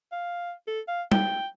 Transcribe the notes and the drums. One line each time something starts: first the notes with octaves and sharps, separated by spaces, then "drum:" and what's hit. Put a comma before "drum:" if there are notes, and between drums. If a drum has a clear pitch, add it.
F5
A4
F5
G5, drum: tom G3